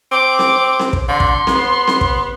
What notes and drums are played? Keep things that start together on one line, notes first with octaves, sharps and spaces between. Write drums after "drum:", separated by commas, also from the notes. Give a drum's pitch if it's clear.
C4 D6
drum: snare C4
drum: snare C4
drum: kick
D3 C6
drum: kick
B3, drum: snare C4
drum: snare C4
drum: kick